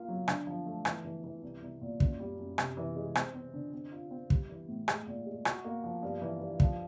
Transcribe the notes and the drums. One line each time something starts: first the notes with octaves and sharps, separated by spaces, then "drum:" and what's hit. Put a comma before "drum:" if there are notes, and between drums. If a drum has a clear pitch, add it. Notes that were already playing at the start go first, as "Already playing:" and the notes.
Already playing: A#3 F4
F#3
D3, drum: rim click
F3
A3
E3, drum: rim click
E3
E3
C2
C2
A#2
F#2, drum: kick
G3
F#2
C3, drum: rim click
E3
G#3
C4, drum: rim click
C4
D3
C4
F4
C4
G3, drum: kick
E3
A2
G#3, drum: rim click
A#2
G#3
F#4, drum: rim click
A#3
F3
G2
E3
G2
F3, drum: kick